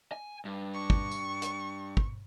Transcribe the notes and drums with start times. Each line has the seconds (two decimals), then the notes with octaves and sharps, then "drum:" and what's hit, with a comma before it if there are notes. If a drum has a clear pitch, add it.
0.12 G#5
0.45 G2
0.74 C#6
0.90 drum: kick
1.11 drum: tambourine
1.42 drum: hi-hat
1.97 drum: kick